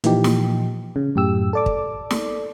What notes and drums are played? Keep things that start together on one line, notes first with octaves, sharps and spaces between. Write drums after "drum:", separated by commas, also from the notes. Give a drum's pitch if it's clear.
A#2 E3 F3 D#4 G4, drum: hi-hat
drum: snare
C#3
F#2 A2 G4 E6
A4 D5 D6
drum: kick
drum: snare